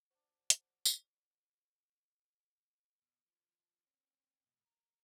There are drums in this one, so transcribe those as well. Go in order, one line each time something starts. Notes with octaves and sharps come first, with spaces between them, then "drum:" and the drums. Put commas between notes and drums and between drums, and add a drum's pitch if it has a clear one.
D4 F#4 C5
drum: hi-hat
drum: tambourine
B2
F3
C4 C#4
G#2 B2
A#4